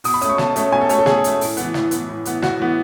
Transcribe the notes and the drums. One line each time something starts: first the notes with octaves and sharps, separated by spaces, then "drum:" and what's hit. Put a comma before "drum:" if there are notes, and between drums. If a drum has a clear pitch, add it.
B2 D#6, drum: open hi-hat
B5
A3 C#4 D#6, drum: hi-hat
C#6
B2 A5, drum: snare
A3 C#4, drum: hi-hat
B2 G#5
A4
A3 C#4 C#5, drum: hi-hat
A4
B2 G#4, drum: snare
A3 C#4, drum: hi-hat
A2, drum: open hi-hat
E3 B3, drum: hi-hat
A2, drum: snare
E3 B3, drum: hi-hat
A2
E3 B3, drum: hi-hat
A2 F#4, drum: snare
E3 B3